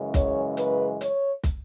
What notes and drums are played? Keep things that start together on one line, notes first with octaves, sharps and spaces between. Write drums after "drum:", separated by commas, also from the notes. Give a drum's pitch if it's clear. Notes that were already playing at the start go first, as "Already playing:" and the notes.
Already playing: F#2 C#3 E3 G#3
C#5, drum: kick, hi-hat
B4, drum: hi-hat
C#5, drum: hi-hat
drum: kick, hi-hat